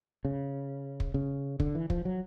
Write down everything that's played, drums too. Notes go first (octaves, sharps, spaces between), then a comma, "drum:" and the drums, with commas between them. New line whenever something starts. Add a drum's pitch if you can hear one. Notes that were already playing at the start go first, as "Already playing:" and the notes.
C#3
drum: kick
C#3
D3, drum: kick
E3
F3, drum: kick
F#3